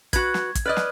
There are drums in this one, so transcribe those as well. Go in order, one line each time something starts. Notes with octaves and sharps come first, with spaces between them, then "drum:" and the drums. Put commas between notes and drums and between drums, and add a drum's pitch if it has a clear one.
F#4 B4 G#6, drum: kick, hi-hat
drum: snare
drum: kick, hi-hat
B4 D5 D#5 F6 F#6
drum: snare